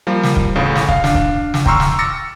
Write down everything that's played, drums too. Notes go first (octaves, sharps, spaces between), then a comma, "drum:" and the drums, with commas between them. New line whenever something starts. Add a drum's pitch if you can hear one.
F3 G3 A#3
drum: snare
drum: kick
A1 A2 C#3 F5
drum: snare
F5, drum: kick
D4 F5, drum: snare
drum: kick
drum: snare
G5 A#5 C6 C#6 E6 F6, drum: kick
drum: snare
D6 E6 A6 A#6 C#7